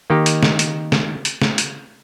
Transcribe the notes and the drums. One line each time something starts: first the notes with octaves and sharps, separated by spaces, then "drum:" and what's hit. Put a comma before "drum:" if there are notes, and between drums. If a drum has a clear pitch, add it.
D#3 A#3 D#4 G4
drum: hi-hat
drum: snare
drum: hi-hat
drum: snare
drum: hi-hat
drum: snare
drum: hi-hat